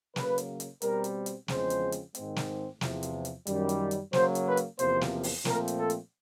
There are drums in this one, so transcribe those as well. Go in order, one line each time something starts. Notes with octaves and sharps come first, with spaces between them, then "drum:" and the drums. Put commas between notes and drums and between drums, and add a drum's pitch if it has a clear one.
C#3 F#3 A#3 B4, drum: snare
drum: hi-hat
drum: hi-hat
B2 G3 C4 A#4, drum: hi-hat
drum: hi-hat
drum: hi-hat
E2 C#3 F3 G#3 C4 C5, drum: snare
drum: hi-hat
drum: hi-hat
G#2 D#3 G#3 C4, drum: hi-hat
drum: snare
E2 C3 F3, drum: snare
drum: hi-hat
drum: hi-hat
F#2 D#3 G3, drum: hi-hat
drum: hi-hat
drum: hi-hat
C#3 F#3 A#3 C5, drum: snare
drum: hi-hat
B4
drum: hi-hat
E2 C3 F3 A#3 C5, drum: hi-hat
drum: snare
drum: open hi-hat
A#2 F3 A3 C4 A#4, drum: snare
drum: hi-hat
A4
drum: hi-hat